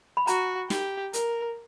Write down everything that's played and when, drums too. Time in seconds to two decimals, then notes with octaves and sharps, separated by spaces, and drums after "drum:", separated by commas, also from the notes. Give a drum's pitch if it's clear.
0.17 B5
0.27 F#4 A#5, drum: hi-hat
0.70 G4, drum: snare
1.13 A#4, drum: hi-hat